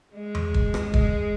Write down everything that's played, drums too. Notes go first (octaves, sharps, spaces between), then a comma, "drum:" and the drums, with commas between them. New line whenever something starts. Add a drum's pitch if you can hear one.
G#3
drum: tom E2
drum: kick
drum: rim click
drum: kick